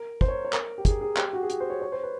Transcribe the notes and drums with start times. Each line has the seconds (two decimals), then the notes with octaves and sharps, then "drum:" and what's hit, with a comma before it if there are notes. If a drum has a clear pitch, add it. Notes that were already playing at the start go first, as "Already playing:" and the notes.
Already playing: A#4
0.21 C5, drum: kick
0.28 C#5
0.45 C#5
0.53 A#4, drum: clap
0.78 G4
0.85 G#4, drum: kick, hi-hat
1.01 G#4
1.17 G4, drum: clap
1.33 F#4
1.43 G#4
1.50 G4, drum: hi-hat
1.60 C5
1.70 C#5
1.81 C#5
1.92 C5
2.03 B4